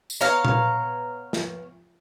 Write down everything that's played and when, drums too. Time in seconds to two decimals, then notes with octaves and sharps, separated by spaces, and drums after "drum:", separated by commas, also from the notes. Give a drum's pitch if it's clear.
0.10 drum: tambourine
0.21 B3 C#5 F5 A#5
0.45 drum: tom A#2
1.33 drum: snare